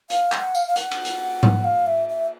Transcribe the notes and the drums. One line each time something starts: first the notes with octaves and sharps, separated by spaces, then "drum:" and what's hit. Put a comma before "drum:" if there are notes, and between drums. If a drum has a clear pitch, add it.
F5, drum: hi-hat
F#5, drum: clap
F5, drum: tambourine
F5
F#5, drum: hi-hat
drum: cymbal
drum: hi-hat
drum: tom G#2
F5
E5
E5